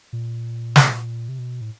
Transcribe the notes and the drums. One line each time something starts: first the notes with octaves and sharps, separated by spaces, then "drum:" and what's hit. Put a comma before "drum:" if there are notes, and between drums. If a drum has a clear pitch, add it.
A#2
drum: snare
C3
B2
A2